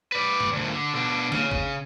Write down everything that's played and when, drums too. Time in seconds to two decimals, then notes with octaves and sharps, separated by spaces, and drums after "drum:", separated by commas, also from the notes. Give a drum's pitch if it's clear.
0.12 B4 D5
0.40 drum: tom
0.53 D2 A#2
0.72 D3
0.93 B2 D4
1.32 C#3, drum: snare
1.52 drum: kick